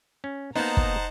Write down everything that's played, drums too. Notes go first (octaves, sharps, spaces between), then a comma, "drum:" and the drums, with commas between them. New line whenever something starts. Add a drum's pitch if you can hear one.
C#4
A#3 B3 D#4 C5 F#5 A5 A#5
drum: kick